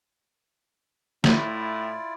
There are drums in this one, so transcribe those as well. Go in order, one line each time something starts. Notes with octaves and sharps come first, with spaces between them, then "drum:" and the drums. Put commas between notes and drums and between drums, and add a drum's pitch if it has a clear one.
A2 E4 F4 D5, drum: snare